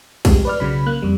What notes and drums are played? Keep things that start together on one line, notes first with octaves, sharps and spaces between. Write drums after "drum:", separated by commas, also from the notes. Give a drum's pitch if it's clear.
F2 G#3 G4, drum: kick, cymbal
B4 D5 F6
B1 C#3 F#3 B5
A#3 F#6
F2 G3